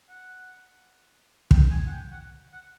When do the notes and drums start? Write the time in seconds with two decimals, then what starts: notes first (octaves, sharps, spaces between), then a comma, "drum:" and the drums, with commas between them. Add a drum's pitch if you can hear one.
0.09 F#5
1.51 G5, drum: kick
1.71 G#5
1.87 F#5
1.92 G5
2.12 F#5
2.52 F#5